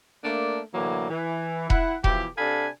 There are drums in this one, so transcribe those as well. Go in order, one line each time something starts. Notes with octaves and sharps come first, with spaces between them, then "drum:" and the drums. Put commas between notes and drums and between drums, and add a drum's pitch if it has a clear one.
A3 A#3 D4
A2 D3 E3 F#3 A#3
E3
E4 F#5, drum: kick E1
B2 E3 F3 E4 G4, drum: kick E1
C3 D4 A4 F5 G#5 B5